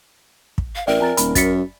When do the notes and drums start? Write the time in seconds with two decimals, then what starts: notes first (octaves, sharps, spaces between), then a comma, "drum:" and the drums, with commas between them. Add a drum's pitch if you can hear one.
0.58 drum: kick
0.75 F5
0.87 A1 A#4 D5 E5 G5
1.01 F2 G#5 A#5 A6
1.17 D#1 B5, drum: hi-hat
1.35 F#2 A6 B6 C#7, drum: kick, hi-hat